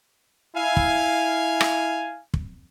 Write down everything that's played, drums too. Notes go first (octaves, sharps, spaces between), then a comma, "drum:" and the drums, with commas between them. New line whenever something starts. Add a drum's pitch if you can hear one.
E4 F5 G#5
drum: kick
drum: rim click
drum: kick